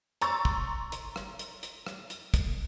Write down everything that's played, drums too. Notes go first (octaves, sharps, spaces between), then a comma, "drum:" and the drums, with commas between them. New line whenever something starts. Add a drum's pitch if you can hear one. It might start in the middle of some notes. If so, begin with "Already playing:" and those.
A#5 C6 C#6 E6 A6, drum: hi-hat
drum: kick
drum: hi-hat
drum: rim click
drum: hi-hat
drum: hi-hat
drum: rim click
drum: hi-hat
drum: kick, hi-hat